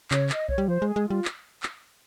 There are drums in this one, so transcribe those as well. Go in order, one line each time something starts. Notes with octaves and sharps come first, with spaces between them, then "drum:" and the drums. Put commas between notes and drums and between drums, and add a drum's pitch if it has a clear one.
C#3 C#5, drum: clap
D#5, drum: clap
C#5, drum: kick B1
G3
F3 C5
G#3
G#4
G#3
G3 F4
drum: clap
drum: clap